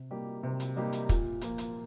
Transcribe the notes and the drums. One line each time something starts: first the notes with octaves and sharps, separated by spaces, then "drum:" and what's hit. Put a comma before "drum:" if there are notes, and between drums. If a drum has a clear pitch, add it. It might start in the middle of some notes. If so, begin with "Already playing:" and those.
Already playing: C3
G3 A#3 D#4 G4
C3
drum: hi-hat
G3 A#3 D#4 G4
drum: hi-hat
A#2, drum: kick, hi-hat
F3 A#3 F4, drum: hi-hat
drum: hi-hat